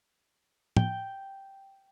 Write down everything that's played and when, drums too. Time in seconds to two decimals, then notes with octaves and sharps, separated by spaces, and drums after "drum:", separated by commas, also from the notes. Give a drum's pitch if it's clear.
0.77 G5, drum: tom